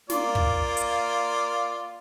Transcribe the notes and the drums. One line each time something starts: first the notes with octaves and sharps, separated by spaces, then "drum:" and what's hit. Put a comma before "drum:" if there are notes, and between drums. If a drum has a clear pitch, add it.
A#3 F4 D5, drum: snare
drum: kick
drum: hi-hat